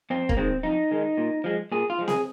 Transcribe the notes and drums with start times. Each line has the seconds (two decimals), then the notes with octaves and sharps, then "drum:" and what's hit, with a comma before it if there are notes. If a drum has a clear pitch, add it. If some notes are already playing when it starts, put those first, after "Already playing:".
0.10 F2 C4
0.29 A#3, drum: kick
0.37 D#3 G#3 C4
0.63 F2 D#4
0.91 D#3 G#3
1.17 A#2
1.44 F3 G#3
1.72 A#2 G#4
1.90 F4
1.99 F3 G#3
2.08 G#4, drum: snare C4